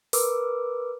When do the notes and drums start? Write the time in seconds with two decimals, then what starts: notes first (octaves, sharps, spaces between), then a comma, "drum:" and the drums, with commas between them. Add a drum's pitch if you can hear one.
0.13 A#4 B4 D6 E6, drum: open hi-hat